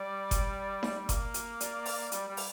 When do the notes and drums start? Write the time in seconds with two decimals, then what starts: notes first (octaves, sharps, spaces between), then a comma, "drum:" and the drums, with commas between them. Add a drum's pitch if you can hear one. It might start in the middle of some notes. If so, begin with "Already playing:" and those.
Already playing: G3 D5
0.31 drum: kick F#1, hi-hat
0.83 drum: snare D#4
1.09 A#3, drum: kick F#1, hi-hat
1.34 drum: hi-hat
1.60 D5, drum: hi-hat
1.86 drum: open hi-hat
2.12 G3, drum: hi-hat
2.28 G3
2.37 drum: open hi-hat